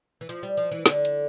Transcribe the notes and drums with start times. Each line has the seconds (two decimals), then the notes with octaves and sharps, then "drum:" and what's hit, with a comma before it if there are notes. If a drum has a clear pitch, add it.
0.21 E3
0.29 F3, drum: hi-hat
0.43 G3
0.57 F3
0.71 E3
0.86 D3, drum: snare
1.05 drum: hi-hat